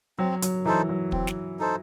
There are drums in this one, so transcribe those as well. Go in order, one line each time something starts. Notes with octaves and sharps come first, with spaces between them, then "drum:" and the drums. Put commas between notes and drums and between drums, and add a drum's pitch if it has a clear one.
F#3 C4
F#3, drum: hi-hat
E3 D#4 A4 C5
F#3
C4, drum: kick
drum: snare
D#4 A4 C5